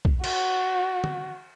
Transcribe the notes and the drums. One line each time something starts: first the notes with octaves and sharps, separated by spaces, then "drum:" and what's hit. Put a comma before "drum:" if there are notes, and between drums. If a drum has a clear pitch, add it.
drum: kick B1
F#4, drum: cymbal
drum: tom D3